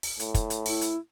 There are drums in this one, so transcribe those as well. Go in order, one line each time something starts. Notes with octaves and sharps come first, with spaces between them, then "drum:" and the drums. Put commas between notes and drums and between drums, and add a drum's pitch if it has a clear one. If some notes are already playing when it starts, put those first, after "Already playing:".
drum: open hi-hat
A2, drum: hi-hat
drum: kick, hi-hat
drum: hi-hat
E4, drum: open hi-hat
drum: hi-hat